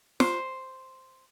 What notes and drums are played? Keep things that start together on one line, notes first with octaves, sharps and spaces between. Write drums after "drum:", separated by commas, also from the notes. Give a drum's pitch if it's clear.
C5, drum: snare